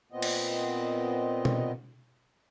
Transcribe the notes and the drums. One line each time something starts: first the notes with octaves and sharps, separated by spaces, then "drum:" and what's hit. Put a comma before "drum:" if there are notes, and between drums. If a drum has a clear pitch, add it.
A#2 B3 C4 D#5
drum: cymbal
drum: tom B2